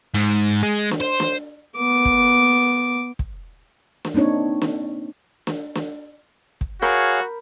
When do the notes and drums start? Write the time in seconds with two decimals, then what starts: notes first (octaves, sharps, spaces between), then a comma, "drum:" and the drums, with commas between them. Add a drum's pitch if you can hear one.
0.14 G#2
0.63 G#3
0.91 drum: snare
1.00 C5
1.20 drum: snare
1.77 B3 D6
2.05 drum: kick
3.19 drum: kick
4.05 drum: snare
4.14 A#3 C4 D4 D#4 C#5
4.62 drum: snare
5.47 drum: snare
5.75 drum: snare
6.61 drum: kick
6.82 F#4 G#4 A#4 C#5 F5 B5 G6